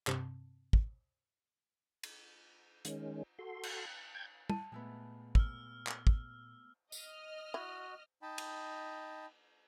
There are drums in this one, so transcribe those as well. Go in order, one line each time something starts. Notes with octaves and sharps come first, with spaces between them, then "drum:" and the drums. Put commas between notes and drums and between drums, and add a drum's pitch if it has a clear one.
G2 C3 C4 A5, drum: clap
drum: kick
drum: cymbal
D#3 G#3 C#4, drum: hi-hat
F#4 A4 C6
drum: cymbal
G5 G6 G#6
A5, drum: tom
A#2 G#3 A3 B3
E6 F6, drum: kick
drum: clap
drum: kick
D#5 F6, drum: tambourine
E4 F#4
D#4 D#5 G5 A5 B5
drum: cymbal